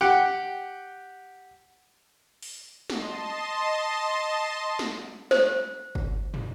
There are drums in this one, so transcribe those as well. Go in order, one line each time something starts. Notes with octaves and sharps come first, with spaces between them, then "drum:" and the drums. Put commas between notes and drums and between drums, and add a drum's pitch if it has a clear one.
G4 F#5 G5
drum: open hi-hat
D#5 A5 C6, drum: snare
drum: snare
C5, drum: snare
drum: kick
drum: tom